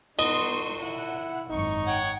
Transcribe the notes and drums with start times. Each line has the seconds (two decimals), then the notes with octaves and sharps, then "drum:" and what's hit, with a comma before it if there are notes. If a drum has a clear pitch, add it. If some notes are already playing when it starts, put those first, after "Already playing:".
0.19 B3 D#4 D#5 C6 C#6, drum: cymbal
0.82 E4 F#5
1.50 G#1 F#2 D#4 C#6
1.86 C#5 F#5 G5